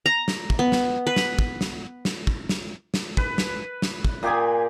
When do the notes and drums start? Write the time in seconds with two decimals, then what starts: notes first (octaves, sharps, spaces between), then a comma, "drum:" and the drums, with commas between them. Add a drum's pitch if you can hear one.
0.06 A#5
0.28 drum: snare
0.50 drum: kick
0.59 B3
0.72 drum: snare
1.07 B4
1.16 drum: snare
1.39 drum: kick
1.61 drum: snare
2.05 drum: snare
2.27 drum: kick
2.49 drum: snare
2.94 drum: snare
3.17 B4, drum: kick
3.38 drum: snare
3.82 drum: snare
4.05 drum: kick
4.23 A#2 G4 G#4 G#5